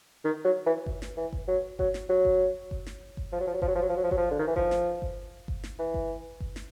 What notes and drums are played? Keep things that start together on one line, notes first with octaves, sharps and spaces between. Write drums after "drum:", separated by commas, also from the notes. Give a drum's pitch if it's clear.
D#3
F#3
E3
drum: kick G1
drum: snare
E3
drum: kick G1
F#3
F#3, drum: kick G1
drum: snare
F#3
drum: kick G1
drum: kick G1
drum: snare
drum: kick G1
F3
F#3
F3
F#3
F3, drum: kick G1
F#3
F3
F#3
F3
F#3
F3
F#3, drum: kick G1
F3
D3
D#3
E3
F3, drum: kick G1
drum: snare
drum: kick G1
drum: kick G1
drum: snare
E3
drum: kick G1
drum: kick G1
drum: snare